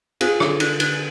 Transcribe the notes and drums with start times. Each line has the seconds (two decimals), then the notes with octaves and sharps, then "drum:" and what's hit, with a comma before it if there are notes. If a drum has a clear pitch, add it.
0.21 C4 F4 G#4, drum: cymbal
0.40 D3, drum: rim click
0.60 D3, drum: cymbal
0.80 D3, drum: cymbal